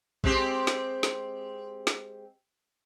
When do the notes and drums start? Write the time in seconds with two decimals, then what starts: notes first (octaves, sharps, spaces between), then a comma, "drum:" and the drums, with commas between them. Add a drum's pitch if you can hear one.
0.24 G#3 C4 G4, drum: kick A#1
0.67 drum: snare
1.03 drum: snare
1.87 drum: snare